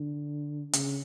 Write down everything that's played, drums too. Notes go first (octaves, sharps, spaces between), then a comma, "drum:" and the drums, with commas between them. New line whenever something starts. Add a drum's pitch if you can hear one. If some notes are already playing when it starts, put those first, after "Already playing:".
Already playing: D3
C#3, drum: hi-hat